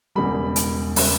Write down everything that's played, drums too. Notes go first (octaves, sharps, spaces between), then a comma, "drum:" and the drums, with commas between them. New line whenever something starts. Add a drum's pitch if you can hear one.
E1 E2 C#3 G3 B5
drum: hi-hat
C#3 G3, drum: open hi-hat